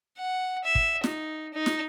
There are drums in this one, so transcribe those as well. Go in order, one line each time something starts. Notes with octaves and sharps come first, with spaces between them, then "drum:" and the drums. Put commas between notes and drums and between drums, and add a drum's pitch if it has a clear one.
F#5
E5
drum: kick
D#4, drum: snare
D#4
drum: snare